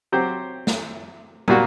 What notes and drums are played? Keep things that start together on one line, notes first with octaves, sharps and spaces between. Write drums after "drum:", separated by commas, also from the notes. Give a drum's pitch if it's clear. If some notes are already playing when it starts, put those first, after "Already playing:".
F#3 C4 G4 C5
drum: snare
A#2 G3 A#3 F#4, drum: tom